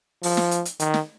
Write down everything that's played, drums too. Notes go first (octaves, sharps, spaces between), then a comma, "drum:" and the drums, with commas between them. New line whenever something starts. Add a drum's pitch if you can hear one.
F3, drum: open hi-hat
drum: snare
drum: hi-hat
drum: hi-hat
D#3, drum: hi-hat
drum: snare